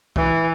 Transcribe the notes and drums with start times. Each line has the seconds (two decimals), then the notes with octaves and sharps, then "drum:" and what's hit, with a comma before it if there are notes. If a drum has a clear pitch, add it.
0.16 E3, drum: kick